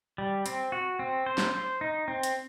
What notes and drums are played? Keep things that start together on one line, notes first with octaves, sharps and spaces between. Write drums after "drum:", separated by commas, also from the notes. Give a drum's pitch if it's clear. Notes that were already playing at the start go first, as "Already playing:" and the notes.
G3
C4, drum: hi-hat
F#4
C4
C5
drum: snare
C5
D#4
C4
drum: hi-hat